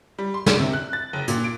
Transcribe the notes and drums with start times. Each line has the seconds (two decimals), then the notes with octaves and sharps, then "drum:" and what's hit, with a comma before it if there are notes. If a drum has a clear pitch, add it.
0.18 G3
0.34 C6
0.46 D4, drum: snare
0.59 C3
0.73 F#6
0.93 A6
1.13 F#1
1.28 A#2, drum: hi-hat
1.44 D7